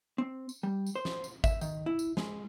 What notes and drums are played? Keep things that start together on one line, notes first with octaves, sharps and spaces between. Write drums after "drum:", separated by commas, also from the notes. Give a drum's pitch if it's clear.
C4
drum: tambourine
G3
drum: tambourine
C5
drum: snare
drum: tambourine
E5, drum: kick G#1, tambourine
D#3, drum: tambourine
E4
drum: tambourine
G#3, drum: snare